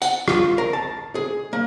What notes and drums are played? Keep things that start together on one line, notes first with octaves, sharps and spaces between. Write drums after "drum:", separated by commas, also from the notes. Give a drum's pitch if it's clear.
F#5, drum: tambourine
F4, drum: rim click
A#4
A5
G#4
A#3